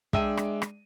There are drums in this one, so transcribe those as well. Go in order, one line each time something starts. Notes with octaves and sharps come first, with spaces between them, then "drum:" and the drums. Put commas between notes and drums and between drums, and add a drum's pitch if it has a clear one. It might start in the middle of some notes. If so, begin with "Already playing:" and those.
G#3 D4 E5 G5 E6 D#7, drum: kick
drum: rim click
drum: rim click